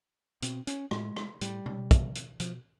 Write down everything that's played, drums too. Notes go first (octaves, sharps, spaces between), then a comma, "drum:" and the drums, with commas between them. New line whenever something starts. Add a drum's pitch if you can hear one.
B2 C4, drum: hi-hat
C#4, drum: hi-hat
A2 G#3, drum: rim click
drum: rim click
A2 G3, drum: hi-hat
drum: tom B2
B2, drum: kick, hi-hat
drum: hi-hat
B2 F3, drum: hi-hat